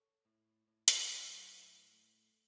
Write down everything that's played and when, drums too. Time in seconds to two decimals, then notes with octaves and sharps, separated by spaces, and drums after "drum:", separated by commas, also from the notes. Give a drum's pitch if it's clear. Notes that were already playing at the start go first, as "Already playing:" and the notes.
Already playing: A4 C#5
0.25 A2
0.67 A2
0.88 drum: hi-hat
1.09 F#3
1.43 F#5
1.51 A2 B4 E5
1.93 A3